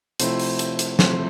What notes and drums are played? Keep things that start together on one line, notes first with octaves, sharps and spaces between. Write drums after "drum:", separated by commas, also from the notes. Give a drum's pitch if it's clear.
C3 F3 A3 C4 E4 C5, drum: hi-hat
drum: open hi-hat
drum: hi-hat
drum: hi-hat
C3 F3 A3 C4 E4 C5, drum: snare